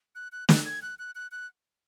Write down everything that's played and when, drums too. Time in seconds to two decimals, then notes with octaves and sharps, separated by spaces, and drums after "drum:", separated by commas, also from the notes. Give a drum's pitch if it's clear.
0.15 F#6
0.32 F#6
0.49 F#6, drum: snare
0.65 G#6
0.82 F#6
0.99 F#6
1.15 F#6
1.31 F#6